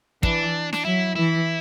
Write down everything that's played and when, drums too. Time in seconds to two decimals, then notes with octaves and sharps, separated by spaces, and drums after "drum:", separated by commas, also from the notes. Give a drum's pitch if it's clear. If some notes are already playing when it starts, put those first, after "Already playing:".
0.23 E3 D4, drum: kick
0.73 D4, drum: snare
0.85 F#3 E4
1.15 E3 E4